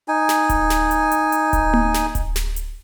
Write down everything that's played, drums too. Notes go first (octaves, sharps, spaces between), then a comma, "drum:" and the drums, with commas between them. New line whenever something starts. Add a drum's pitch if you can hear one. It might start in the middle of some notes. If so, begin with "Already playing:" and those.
D#4 G#5
drum: snare
drum: kick D1, hi-hat
drum: snare
drum: hi-hat
drum: hi-hat
drum: hi-hat
drum: kick D1, hi-hat
drum: tom A#3
drum: snare
drum: kick D1, hi-hat
drum: snare
drum: hi-hat